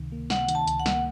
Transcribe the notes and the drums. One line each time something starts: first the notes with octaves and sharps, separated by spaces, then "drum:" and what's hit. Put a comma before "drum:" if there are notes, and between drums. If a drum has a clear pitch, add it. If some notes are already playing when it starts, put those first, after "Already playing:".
Already playing: C#2 C3 D#3
A#3
C3 F#5, drum: snare
D#3, drum: hi-hat
A5
C#2, drum: hi-hat
F#5
A#3, drum: snare